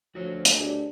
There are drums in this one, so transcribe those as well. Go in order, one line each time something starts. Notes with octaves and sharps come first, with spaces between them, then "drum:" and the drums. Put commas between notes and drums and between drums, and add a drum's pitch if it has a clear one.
D2 F3 F#4 A#4 C#5
drum: hi-hat
D4 G4 G#4 D#5